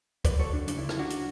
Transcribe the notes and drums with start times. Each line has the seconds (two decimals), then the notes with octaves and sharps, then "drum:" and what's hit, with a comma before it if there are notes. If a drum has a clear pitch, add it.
0.25 D2 B4 D5, drum: kick, hi-hat
0.39 F#3 A4 C#5
0.53 D2 D4
0.68 C#3 D4, drum: hi-hat
0.78 E4
0.82 D2
0.89 E4, drum: rim click
0.96 F#3 D4 F#4
1.10 drum: hi-hat